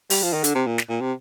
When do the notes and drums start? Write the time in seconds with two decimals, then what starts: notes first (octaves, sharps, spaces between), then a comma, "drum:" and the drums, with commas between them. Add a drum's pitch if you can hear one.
0.10 G3, drum: open hi-hat
0.23 F3
0.33 D#3
0.44 D3, drum: hi-hat
0.55 C3
0.67 A#2
0.78 drum: snare
0.89 A#2
1.01 C3